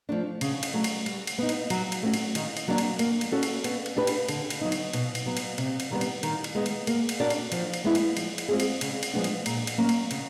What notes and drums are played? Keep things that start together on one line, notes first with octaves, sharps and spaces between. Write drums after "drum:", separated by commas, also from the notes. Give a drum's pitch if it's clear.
F3 A3 D4
C#3, drum: cymbal
drum: cymbal
F#3 A3
drum: cymbal
G3, drum: cymbal
drum: cymbal
B3 D#4
drum: cymbal
F#3, drum: cymbal
drum: cymbal
A3 C#4 F#4
drum: cymbal
D#3, drum: cymbal
drum: cymbal
F#3 A#3 D4
drum: cymbal
A#3, drum: cymbal
drum: cymbal
C#4 F#4 A4 C#5
drum: cymbal
B3, drum: cymbal
drum: cymbal
D4 G4 B4
drum: cymbal
D3, drum: cymbal
drum: cymbal
F#3 B3 D#4
drum: cymbal
B2, drum: cymbal
drum: cymbal
F#3 B3
drum: cymbal
C3, drum: cymbal
drum: cymbal
D#3 G3 B3
drum: cymbal
D#3, drum: cymbal
drum: cymbal
G#3 B3
drum: cymbal
A#3, drum: cymbal
drum: cymbal
D4 F#4 A#4 D5
drum: cymbal
F3, drum: cymbal
drum: cymbal
G#3 B3 E4
drum: cymbal
F3, drum: cymbal
drum: cymbal
G#3 C4 F4 G#4
drum: cymbal
C#3, drum: cymbal
drum: cymbal
F3 G#3 B3 D4
drum: cymbal
A#2, drum: cymbal
drum: cymbal
F#3 A#3 C#4
drum: cymbal
C#3, drum: cymbal